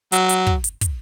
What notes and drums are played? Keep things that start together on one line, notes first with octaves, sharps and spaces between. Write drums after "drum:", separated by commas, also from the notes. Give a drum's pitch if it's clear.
F#3, drum: hi-hat
drum: hi-hat
drum: kick
drum: hi-hat
drum: kick, hi-hat